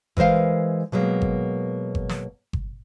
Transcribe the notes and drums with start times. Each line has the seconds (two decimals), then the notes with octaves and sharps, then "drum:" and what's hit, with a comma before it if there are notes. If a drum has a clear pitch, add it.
0.17 E3 G#3 A#4 C5 F5, drum: kick G1
0.92 B2 F#3 G#3 A#3
1.22 drum: kick G1
1.95 drum: kick G1
2.09 drum: snare
2.53 drum: kick G1